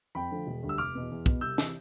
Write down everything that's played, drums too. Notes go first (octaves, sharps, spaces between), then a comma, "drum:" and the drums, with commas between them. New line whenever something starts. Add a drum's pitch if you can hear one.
F2 G5 B5
D3 F3 A3
E1
D2 D3 G3
E6
F1 D6 F6
E2 B2 B3
E2
B2 B3, drum: kick
C2 E6 G6
C3 E3, drum: snare